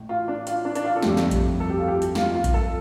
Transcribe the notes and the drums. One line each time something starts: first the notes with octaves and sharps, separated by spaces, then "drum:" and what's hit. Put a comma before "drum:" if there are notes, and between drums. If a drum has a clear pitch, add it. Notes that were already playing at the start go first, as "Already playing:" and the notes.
Already playing: A1 A3
F4
D4
F4, drum: hi-hat
D4
D4, drum: hi-hat
F4
A4
G1 F2 F3 A3 G4, drum: snare
drum: snare
drum: kick A#1, hi-hat
A4
G4
F4
G4
drum: hi-hat
F4, drum: snare
F4
drum: kick A#1, hi-hat
A4